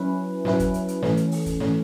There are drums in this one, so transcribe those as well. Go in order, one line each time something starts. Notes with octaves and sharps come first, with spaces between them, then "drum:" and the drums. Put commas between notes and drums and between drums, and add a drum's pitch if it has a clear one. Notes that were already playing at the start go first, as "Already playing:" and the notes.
Already playing: F#3 C#4 E4 B4
F#3 C#4 E4 B4, drum: snare
drum: kick, hi-hat
drum: hi-hat
drum: hi-hat
E3 A3 C#4, drum: snare
drum: hi-hat
drum: open hi-hat
drum: kick, hi-hat
E3 A3 C#4, drum: snare